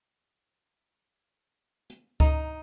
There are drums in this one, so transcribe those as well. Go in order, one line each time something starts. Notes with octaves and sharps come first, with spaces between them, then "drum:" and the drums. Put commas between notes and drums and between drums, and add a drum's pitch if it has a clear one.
drum: hi-hat
D#4, drum: kick C#2